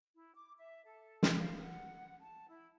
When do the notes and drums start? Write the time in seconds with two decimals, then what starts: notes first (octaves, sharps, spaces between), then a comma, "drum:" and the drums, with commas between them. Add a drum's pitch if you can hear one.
0.14 E4
0.34 D6
0.58 E5
0.85 A4
1.23 drum: snare
1.37 F5
1.61 F#5
2.20 A5
2.48 E4